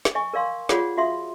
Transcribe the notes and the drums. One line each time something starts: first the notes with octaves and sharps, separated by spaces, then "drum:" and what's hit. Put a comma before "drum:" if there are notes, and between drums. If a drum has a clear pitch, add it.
drum: snare
D#5 G#5 C#6
A#4 D5 F5 C6
F4 G#4 C#5 D5 F#5, drum: snare
F#4 E5 F5 C6 D#6